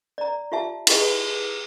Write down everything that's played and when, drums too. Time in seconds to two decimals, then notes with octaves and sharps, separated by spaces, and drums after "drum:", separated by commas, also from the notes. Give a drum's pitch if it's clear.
0.18 D5 A#5
0.52 F4 G4 E5 A5
0.87 E4 G4 G#4 B4 D#5, drum: cymbal